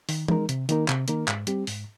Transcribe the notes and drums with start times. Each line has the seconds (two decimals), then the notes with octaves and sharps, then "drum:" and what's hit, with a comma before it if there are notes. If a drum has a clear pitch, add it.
0.09 D#3, drum: open hi-hat
0.28 G#3 D#4 A#4, drum: tom E3
0.49 C3, drum: hi-hat
0.69 D#3 A#3 D#4 A#4, drum: hi-hat
0.88 C3, drum: clap
1.08 D#3 A#3 D#4 A#4, drum: hi-hat
1.28 G#2, drum: clap
1.47 G3 C4 G4, drum: hi-hat
1.67 G#2, drum: open hi-hat